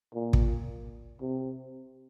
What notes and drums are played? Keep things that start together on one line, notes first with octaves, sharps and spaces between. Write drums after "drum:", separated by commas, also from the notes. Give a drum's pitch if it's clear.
A#2
drum: kick
C3